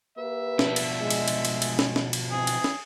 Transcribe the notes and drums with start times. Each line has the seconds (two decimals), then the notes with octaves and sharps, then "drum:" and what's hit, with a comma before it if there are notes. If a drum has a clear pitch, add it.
0.18 A#3 G4 B4 E5
0.59 B2 F3 D4, drum: snare
0.76 drum: cymbal
1.00 G#3
1.10 drum: cymbal
1.28 drum: cymbal
1.45 drum: cymbal
1.62 drum: cymbal
1.79 drum: snare
1.96 drum: snare
2.13 drum: cymbal
2.31 G#2 E3 C4 G#4
2.47 drum: cymbal
2.64 drum: snare